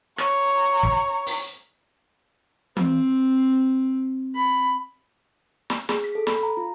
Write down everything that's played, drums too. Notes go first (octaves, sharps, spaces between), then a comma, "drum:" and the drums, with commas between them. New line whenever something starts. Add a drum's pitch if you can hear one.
C#5 A#5, drum: rim click
drum: kick
drum: open hi-hat
C4, drum: tom
B5
drum: snare
G#4, drum: snare
B6
A4
B5, drum: snare
A#5
F4